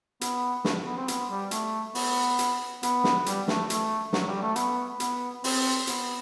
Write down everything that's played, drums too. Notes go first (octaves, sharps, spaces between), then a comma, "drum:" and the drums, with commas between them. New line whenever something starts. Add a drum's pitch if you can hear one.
B3, drum: hi-hat
A3, drum: snare
B3
C4
B3, drum: hi-hat
G3
A3, drum: hi-hat
B3, drum: open hi-hat
drum: hi-hat
B3, drum: hi-hat
drum: snare
G3, drum: hi-hat
A3, drum: snare
A3, drum: hi-hat
F#3, drum: snare
G3
A3
B3, drum: hi-hat
B3, drum: hi-hat
C4, drum: open hi-hat
B3, drum: hi-hat